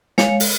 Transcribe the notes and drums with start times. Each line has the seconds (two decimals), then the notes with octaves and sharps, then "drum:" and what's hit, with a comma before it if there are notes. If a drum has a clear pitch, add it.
0.18 G#3 C#5 F5, drum: snare
0.40 drum: open hi-hat